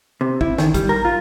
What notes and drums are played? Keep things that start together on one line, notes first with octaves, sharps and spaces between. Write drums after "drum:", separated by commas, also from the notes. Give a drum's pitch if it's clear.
C3
E4, drum: kick
D#3, drum: snare
G3, drum: kick, hi-hat
A#4
F4